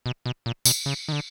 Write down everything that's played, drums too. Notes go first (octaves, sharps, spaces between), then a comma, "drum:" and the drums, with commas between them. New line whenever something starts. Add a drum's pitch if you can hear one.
B2
B2
A#2
B2, drum: tambourine
C#3
D#3
D3